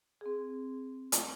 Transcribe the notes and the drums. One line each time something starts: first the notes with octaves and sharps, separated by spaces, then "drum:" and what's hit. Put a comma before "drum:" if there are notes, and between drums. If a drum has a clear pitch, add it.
C4 G#4
drum: hi-hat